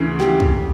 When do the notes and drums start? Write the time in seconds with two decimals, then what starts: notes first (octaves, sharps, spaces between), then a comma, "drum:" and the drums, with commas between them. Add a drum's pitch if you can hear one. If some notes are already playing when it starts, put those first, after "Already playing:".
Already playing: D2 C#3 E3
0.20 G4, drum: snare
0.40 drum: kick